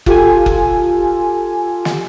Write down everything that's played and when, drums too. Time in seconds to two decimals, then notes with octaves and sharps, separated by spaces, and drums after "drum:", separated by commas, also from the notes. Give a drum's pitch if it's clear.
0.06 F4 G4 A4 G#5, drum: kick F#1
0.46 drum: kick F#1
1.85 drum: snare